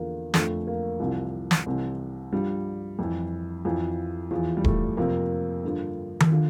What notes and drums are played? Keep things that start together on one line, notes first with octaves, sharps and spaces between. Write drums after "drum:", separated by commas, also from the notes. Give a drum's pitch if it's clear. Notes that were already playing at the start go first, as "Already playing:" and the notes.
Already playing: E2 D3 F3 A#3
F2 D3 F3 A3, drum: snare
A#3
C2 C3 E3 F3
drum: snare
C2 C3 E3
G2 F3 G3
F2 E3
F2 E3 F3
E2 E3 F3
G3
A3, drum: kick D#1
F2 C3 F3 A#3
G2 D3 F3
drum: tom D#3
D3 F3